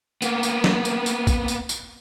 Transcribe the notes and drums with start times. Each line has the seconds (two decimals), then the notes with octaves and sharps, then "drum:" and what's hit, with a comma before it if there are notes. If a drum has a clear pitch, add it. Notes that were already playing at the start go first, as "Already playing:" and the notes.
0.22 A#3 B3, drum: tambourine
0.43 drum: tambourine
0.64 drum: snare
0.85 drum: tambourine
1.06 drum: tambourine
1.27 drum: kick, tambourine
1.48 drum: tambourine
1.69 drum: tambourine